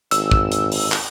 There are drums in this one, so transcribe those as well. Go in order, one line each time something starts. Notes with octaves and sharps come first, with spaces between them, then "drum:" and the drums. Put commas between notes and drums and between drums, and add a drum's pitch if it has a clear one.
G#1 E6, drum: hi-hat
drum: kick
drum: hi-hat
drum: open hi-hat
drum: clap